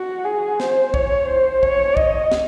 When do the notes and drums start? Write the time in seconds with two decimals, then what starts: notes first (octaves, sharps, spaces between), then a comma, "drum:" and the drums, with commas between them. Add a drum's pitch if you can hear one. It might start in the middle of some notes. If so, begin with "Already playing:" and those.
Already playing: F#4
0.25 G#4
0.60 C5, drum: snare
0.94 C#5, drum: kick
1.29 C5
1.63 C#5, drum: kick
1.97 D#5, drum: kick
2.32 drum: snare